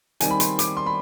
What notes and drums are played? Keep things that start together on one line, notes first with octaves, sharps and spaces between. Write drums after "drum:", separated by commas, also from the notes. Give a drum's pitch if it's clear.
D#3 G3 C4 D#4 G#5, drum: hi-hat
B5
C6, drum: hi-hat
D6, drum: hi-hat
C6
B5